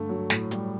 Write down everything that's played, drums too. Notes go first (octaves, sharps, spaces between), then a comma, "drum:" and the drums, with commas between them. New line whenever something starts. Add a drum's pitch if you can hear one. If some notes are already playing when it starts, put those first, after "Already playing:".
Already playing: G2 D3 A3
F#3
A2, drum: snare
G3, drum: hi-hat